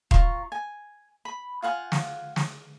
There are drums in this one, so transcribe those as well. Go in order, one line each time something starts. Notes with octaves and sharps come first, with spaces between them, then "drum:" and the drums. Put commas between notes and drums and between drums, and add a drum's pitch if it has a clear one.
F4 A#5 C#6, drum: kick D#1
G#5
B5
F4 F5 F#5 G#5
drum: snare
drum: snare